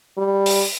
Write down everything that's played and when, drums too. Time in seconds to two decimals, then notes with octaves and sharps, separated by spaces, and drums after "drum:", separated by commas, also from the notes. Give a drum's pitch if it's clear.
0.17 G3
0.46 drum: open hi-hat